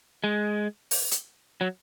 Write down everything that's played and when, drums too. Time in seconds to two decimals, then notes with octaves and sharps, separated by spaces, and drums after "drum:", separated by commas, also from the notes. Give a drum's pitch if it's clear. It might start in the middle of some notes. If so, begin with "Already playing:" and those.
0.24 G#3
0.91 drum: open hi-hat
1.11 drum: hi-hat
1.61 F#3